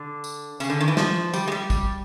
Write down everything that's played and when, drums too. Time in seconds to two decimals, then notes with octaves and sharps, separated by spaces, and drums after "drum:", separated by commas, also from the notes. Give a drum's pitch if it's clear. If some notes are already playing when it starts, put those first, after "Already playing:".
Already playing: D3
0.24 drum: tambourine
0.60 C#3, drum: tambourine
0.70 D3
0.80 D#3
0.88 E3
0.97 F3, drum: snare
1.33 G3, drum: tambourine
1.47 G#3
1.52 G3
1.70 drum: kick, tambourine